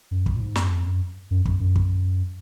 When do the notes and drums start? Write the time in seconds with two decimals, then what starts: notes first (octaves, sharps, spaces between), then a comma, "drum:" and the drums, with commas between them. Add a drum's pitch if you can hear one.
0.11 F#2
0.26 drum: kick
0.36 A#2
0.41 G#2
0.55 F#2, drum: snare
0.70 F2
0.86 F#2
1.31 F#2
1.45 F#2, drum: kick
1.60 F#2
1.76 drum: kick